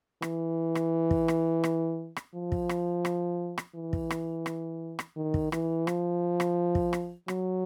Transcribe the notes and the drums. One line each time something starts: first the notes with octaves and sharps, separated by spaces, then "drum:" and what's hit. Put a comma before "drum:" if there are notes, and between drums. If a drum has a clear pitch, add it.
E3, drum: rim click
drum: rim click
drum: kick
drum: rim click
drum: rim click
drum: rim click
F3
drum: kick
drum: rim click
drum: rim click
drum: rim click
E3
drum: kick
drum: rim click
drum: rim click
drum: rim click
D#3
drum: kick
E3, drum: rim click
F3, drum: rim click
drum: rim click
drum: kick
drum: rim click
F#3, drum: rim click